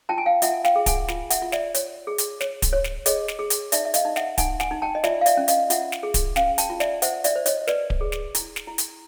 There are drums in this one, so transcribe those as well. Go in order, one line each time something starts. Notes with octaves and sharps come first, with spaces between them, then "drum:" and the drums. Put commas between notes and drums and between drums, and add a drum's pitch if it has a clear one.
F4 G5 A5
G#5
F5 G5
F4 E5 F#5, drum: hi-hat
F5 G5, drum: snare
G#4
F#5 G#5, drum: kick D1, hi-hat
F4, drum: snare
E5 F#5, drum: hi-hat
F4
D5 E5, drum: snare
C#5, drum: hi-hat
G#4
drum: hi-hat
C#5, drum: snare
drum: kick D1, hi-hat
C#5
drum: snare
G#4 C#5 D#5, drum: hi-hat
drum: snare
G#4
drum: hi-hat
D#4 D5 E5, drum: hi-hat
E5
D#5 F5, drum: hi-hat
D#4
E5 F#5, drum: snare
D#4 F#5 G#5, drum: kick D1, hi-hat
F#5 G#5, drum: snare
D#4
G5 A5
D#5
F4 D5 E5, drum: snare
F5
D5 E5, drum: hi-hat
C#4
D#5 F5, drum: hi-hat
F4 E5 F#5, drum: hi-hat
drum: snare
G#4
drum: kick D1, hi-hat
C#4 F5 G5, drum: snare
G5 A5, drum: hi-hat
F4
D5 E5, drum: snare
C5 E5 F#5, drum: hi-hat
D5 E5, drum: hi-hat
C5
C#5 D#5, drum: hi-hat
B4 D5, drum: snare
drum: kick D1
G#4
drum: snare
E4, drum: hi-hat
drum: snare
E4
drum: hi-hat